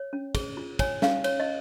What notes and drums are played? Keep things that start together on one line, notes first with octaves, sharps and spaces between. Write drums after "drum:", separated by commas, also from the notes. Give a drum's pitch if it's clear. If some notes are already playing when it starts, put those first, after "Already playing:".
Already playing: C#5
C#4
G#4, drum: kick, cymbal
F4
C#5 G#5, drum: kick, cymbal
C#4 F5, drum: snare
C#5, drum: cymbal
D#5